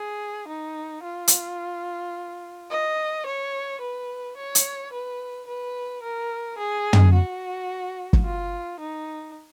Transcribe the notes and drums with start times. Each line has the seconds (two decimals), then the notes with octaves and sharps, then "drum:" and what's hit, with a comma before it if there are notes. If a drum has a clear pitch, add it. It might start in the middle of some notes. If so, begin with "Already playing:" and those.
Already playing: G#4
0.48 D#4
1.04 F4
1.28 drum: hi-hat
2.71 D#5
3.26 C#5
3.81 B4
4.37 C#5
4.55 drum: hi-hat
4.92 B4
5.48 B4
6.03 A#4
6.58 G#4
6.93 drum: tom
7.13 F#4
8.13 drum: kick
8.24 F4
8.80 D#4